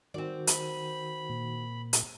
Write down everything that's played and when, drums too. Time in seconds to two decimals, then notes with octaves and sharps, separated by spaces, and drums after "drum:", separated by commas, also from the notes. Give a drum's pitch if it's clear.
0.14 D#3 C4 F#4 D5
0.47 B5, drum: hi-hat
1.29 A#2
1.93 drum: hi-hat